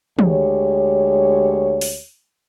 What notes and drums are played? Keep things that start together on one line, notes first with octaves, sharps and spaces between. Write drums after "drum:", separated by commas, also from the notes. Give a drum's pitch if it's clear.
D2 G#3 G4 C#5, drum: tom
drum: open hi-hat